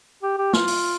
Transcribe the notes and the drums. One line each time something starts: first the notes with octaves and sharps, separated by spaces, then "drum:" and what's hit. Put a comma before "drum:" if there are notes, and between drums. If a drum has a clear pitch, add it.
G4
G4
F4, drum: snare
drum: open hi-hat